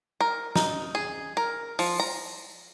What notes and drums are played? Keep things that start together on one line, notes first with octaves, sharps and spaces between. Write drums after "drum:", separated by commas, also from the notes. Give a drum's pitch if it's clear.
A#4
D#4, drum: snare
G#4
A#4
F3, drum: open hi-hat
A#5